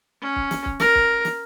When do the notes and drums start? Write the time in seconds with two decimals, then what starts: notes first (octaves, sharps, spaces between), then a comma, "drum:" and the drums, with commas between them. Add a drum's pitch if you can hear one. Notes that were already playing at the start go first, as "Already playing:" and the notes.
0.21 C#4
0.36 drum: kick
0.51 drum: snare
0.66 drum: kick
0.80 A#4, drum: snare
0.95 drum: kick
1.25 drum: snare